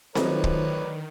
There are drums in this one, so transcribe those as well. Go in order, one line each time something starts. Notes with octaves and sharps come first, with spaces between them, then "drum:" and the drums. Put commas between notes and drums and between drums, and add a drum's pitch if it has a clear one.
D#3 F3 F#3 A3 D#4 B4 C#5 D5, drum: snare C4
drum: kick